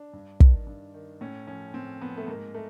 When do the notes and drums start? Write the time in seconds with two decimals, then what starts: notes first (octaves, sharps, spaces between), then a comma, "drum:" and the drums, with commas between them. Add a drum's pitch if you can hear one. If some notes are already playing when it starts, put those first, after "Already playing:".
Already playing: D4
0.13 G2
0.40 D#3, drum: kick
0.67 G2
0.94 D#3
1.21 A2 C#4
1.47 F3 C#4
1.74 A2 C4
2.01 F3 B3
2.17 A3
2.28 G#2 A#3
2.54 A3